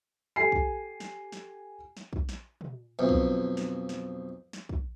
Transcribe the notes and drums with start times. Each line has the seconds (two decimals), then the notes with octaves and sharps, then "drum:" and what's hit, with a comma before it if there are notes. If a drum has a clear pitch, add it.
0.36 G4 A4 G#5 C7
0.52 drum: kick
1.00 drum: snare
1.32 drum: snare
1.97 drum: snare
2.13 drum: kick
2.29 drum: snare
2.61 drum: tom
2.99 B1 F2
3.09 drum: kick
3.57 drum: snare
3.89 drum: snare
4.53 drum: snare
4.69 drum: kick